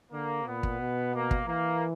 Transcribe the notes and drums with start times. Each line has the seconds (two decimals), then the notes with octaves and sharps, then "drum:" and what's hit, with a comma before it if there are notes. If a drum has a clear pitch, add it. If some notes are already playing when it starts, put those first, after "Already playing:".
0.13 D3 A#3
0.46 A#2 B3
0.63 drum: kick
0.80 B2
1.14 A#3
1.31 drum: kick
1.47 E3 A#3